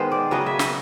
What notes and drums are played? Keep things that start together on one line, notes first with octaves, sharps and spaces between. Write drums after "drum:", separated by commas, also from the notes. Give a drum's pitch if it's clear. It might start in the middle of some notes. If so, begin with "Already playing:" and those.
Already playing: D#3 G#3 B3 C5
D5
C#3 F#3 B3 D#5
E5
D#5, drum: snare